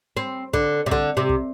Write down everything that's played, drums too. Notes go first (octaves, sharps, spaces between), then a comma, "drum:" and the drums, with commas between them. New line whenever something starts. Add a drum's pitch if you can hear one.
C4
D3, drum: kick
C3
D3, drum: kick
C3
drum: kick